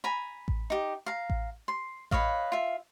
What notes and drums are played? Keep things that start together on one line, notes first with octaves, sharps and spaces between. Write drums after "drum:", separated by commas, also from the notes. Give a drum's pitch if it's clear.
G#5 A#5 B5
drum: kick A1
D#4 G4
F5 A#5
drum: kick A1
C6
B4 C#5 D#5 F5, drum: kick A1
F4 E5